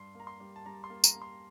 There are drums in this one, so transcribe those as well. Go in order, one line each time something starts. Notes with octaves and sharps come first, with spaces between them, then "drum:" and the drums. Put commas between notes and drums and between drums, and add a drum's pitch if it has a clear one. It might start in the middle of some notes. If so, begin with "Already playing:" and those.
Already playing: G2 C6
A#3 A#5
C6
G3
A5
G3 A#5
C6
A#3
A#5, drum: tambourine
A#3
C6